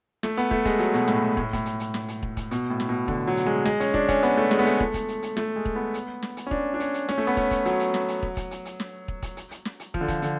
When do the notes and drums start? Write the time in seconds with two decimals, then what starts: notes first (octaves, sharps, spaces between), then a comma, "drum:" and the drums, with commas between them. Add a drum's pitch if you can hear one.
0.23 A3, drum: snare
0.37 B3, drum: hi-hat
0.51 A3, drum: kick
0.65 G#3, drum: kick, hi-hat
0.79 F#3, drum: hi-hat
0.94 B2, drum: hi-hat
1.08 A2, drum: snare
1.23 A2
1.37 A2, drum: kick
1.53 A2, drum: kick, hi-hat
1.65 drum: hi-hat
1.80 drum: hi-hat
1.94 drum: snare
2.08 drum: hi-hat
2.23 drum: kick
2.37 drum: kick, hi-hat
2.51 B2, drum: hi-hat
2.70 A2
2.80 drum: snare
2.89 B2
3.08 D3, drum: kick
3.27 F#3
3.37 drum: hi-hat
3.46 G#3
3.65 G#3, drum: snare
3.80 C#4, drum: hi-hat
3.94 D4, drum: kick
4.09 C#4, drum: kick, hi-hat
4.23 B3, drum: hi-hat
4.37 A3
4.51 G#3, drum: snare
4.59 B3
4.65 A3, drum: hi-hat
4.80 A3, drum: kick
4.94 drum: kick, hi-hat
5.08 drum: hi-hat
5.23 drum: hi-hat
5.37 A3, drum: snare
5.56 G#3
5.65 drum: kick
5.75 B3
5.94 drum: hi-hat
6.23 drum: snare
6.37 drum: hi-hat
6.47 C#4
6.51 D4, drum: kick
6.74 D4
6.80 C#4, drum: hi-hat
6.94 drum: hi-hat
7.09 C#4, drum: snare
7.18 A3
7.27 B3
7.37 C#4, drum: kick
7.51 drum: kick, hi-hat
7.65 F#3, drum: hi-hat
7.80 drum: hi-hat
7.94 drum: snare
8.08 drum: hi-hat
8.23 drum: kick
8.37 drum: kick, hi-hat
8.51 drum: hi-hat
8.65 drum: hi-hat
8.80 drum: snare
9.08 drum: kick
9.22 drum: kick, hi-hat
9.37 drum: hi-hat
9.51 drum: hi-hat
9.65 drum: snare
9.80 drum: hi-hat
9.94 F3, drum: kick
10.01 D3
10.08 F3, drum: kick, hi-hat
10.22 D3, drum: hi-hat